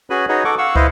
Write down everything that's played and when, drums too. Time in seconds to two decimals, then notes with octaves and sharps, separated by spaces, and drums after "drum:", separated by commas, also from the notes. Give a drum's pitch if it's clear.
0.10 C#4 F#4 G#4 B4 G#5 B5
0.29 D#4 F#4 G#4 B4 C#5 D#5
0.45 A4 F#5 C#6 D6
0.58 F5 F#5 C#6 E6
0.76 E4 B4 C5 D#5 F5, drum: kick